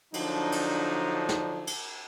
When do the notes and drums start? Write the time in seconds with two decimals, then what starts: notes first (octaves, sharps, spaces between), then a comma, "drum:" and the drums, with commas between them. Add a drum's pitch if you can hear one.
0.14 D3 F3 F#3 D4 D#4, drum: cymbal
0.52 drum: cymbal
1.29 drum: snare
1.67 drum: cymbal